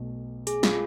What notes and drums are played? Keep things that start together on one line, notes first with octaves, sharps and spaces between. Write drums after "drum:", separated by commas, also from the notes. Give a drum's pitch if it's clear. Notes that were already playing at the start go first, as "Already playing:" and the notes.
Already playing: B1 B2 A3
G#4, drum: hi-hat
F4, drum: snare